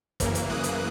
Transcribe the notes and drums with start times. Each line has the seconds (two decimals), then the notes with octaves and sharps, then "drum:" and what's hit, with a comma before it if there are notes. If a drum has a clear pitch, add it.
0.20 F#2 C#3 E3 A#3, drum: kick, hi-hat
0.35 drum: hi-hat
0.50 D#6 F#6, drum: snare
0.64 drum: hi-hat